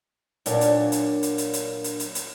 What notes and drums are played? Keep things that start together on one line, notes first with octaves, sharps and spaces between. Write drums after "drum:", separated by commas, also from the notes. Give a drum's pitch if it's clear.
A#2 F#3 D4 A#4 C#5 F5, drum: hi-hat
drum: hi-hat
drum: hi-hat
drum: hi-hat
drum: hi-hat
drum: hi-hat
drum: hi-hat
drum: hi-hat
drum: hi-hat